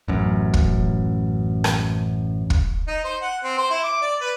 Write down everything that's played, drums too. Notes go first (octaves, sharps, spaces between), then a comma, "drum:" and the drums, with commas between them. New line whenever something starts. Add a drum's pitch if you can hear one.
A1 F#2
drum: kick
drum: rim click
drum: kick
D#4
C5
F#5
C4
C5
E4
D6
D5
B4